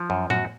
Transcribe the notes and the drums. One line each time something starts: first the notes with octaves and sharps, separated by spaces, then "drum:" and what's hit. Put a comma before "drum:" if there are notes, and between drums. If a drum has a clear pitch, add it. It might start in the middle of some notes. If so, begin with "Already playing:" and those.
Already playing: F3
F#2
F#2 F#4, drum: tom A2